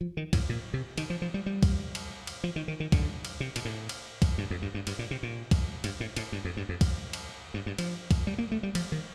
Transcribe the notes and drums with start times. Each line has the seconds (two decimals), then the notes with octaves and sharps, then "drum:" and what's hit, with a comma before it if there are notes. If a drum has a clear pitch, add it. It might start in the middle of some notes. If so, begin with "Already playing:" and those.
0.01 F3
0.17 D#3
0.33 A2, drum: kick, cymbal
0.49 A#2
0.74 C3
0.98 D#3, drum: cymbal
1.10 F3
1.22 F3
1.34 G3
1.46 G3
1.63 drum: kick, cymbal
1.95 drum: cymbal
2.27 drum: cymbal
2.44 F3
2.56 D#3
2.68 D#3
2.80 D#3
2.92 D3, drum: kick, cymbal
3.25 drum: cymbal
3.40 C3
3.56 A#2, drum: cymbal
3.65 A2
3.89 drum: cymbal
4.22 drum: kick, cymbal
4.38 G2
4.50 F2
4.62 G2
4.74 G2
4.87 G2, drum: cymbal
4.99 A#2
5.11 C3
5.23 A#2
5.51 drum: kick, cymbal
5.84 G2, drum: cymbal
6.00 A2
6.16 A2, drum: cymbal
6.32 G2
6.45 F2
6.57 G2
6.69 F2
6.81 drum: kick, cymbal
7.13 drum: cymbal
7.54 G2
7.66 G2
7.78 F3, drum: cymbal
8.11 drum: kick, cymbal
8.27 G3
8.38 A#3
8.52 A3
8.63 G3
8.75 F3, drum: cymbal
8.92 D#3